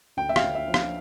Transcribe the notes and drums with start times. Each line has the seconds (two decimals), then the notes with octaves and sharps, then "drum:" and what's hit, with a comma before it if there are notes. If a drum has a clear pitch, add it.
0.17 D2 G5
0.29 E5
0.36 F5, drum: rim click
0.42 D2
0.55 E5
0.67 F3
0.74 F5, drum: rim click